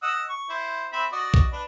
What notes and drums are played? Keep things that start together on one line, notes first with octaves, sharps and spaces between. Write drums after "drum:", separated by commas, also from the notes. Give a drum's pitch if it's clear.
D#5 F#5 E6
C#6
E4 C5
C4 E5 B5
F#4 D5 D#5
drum: kick B1
D4 B4